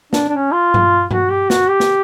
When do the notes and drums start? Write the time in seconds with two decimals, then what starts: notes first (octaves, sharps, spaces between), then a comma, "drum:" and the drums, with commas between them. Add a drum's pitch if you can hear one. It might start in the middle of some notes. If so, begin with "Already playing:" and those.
0.13 D4, drum: snare
0.29 D4
0.32 C#4
0.52 F4
0.74 drum: tom G2
1.11 F#4, drum: tom G2
1.31 G4
1.50 F#4, drum: snare
1.69 G4
1.80 drum: snare